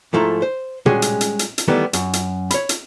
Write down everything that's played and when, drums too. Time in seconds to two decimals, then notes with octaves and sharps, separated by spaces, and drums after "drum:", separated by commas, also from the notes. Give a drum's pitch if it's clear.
0.13 G#2 F3 A3 E4 A#5
0.42 C5
0.86 G3 G#3 C#4 F#4 G#4, drum: tom A#2
1.02 drum: hi-hat
1.21 drum: hi-hat
1.39 drum: hi-hat
1.58 drum: hi-hat
1.68 D#3 E3 G3 A3 B3
1.93 F#2, drum: hi-hat
2.13 drum: hi-hat
2.51 C#5 B5, drum: hi-hat
2.69 drum: hi-hat